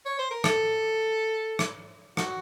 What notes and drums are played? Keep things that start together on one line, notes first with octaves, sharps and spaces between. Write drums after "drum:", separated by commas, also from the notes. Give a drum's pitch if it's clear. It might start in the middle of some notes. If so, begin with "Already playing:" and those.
C#5
C5
A#4
A4, drum: rim click
drum: rim click
F#4, drum: rim click